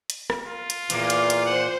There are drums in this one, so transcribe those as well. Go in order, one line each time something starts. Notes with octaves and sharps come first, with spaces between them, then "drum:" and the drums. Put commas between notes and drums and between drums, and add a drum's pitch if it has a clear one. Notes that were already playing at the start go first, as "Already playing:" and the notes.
drum: hi-hat
drum: rim click
F4
drum: hi-hat
E2 A#2 A#3, drum: hi-hat
drum: hi-hat
drum: hi-hat
C5 F#5